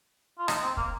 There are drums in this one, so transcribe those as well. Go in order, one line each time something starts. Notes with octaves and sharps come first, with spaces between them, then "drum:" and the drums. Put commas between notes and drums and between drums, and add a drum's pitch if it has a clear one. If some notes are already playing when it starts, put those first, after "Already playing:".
F4
D#4, drum: rim click
C4
A#3, drum: kick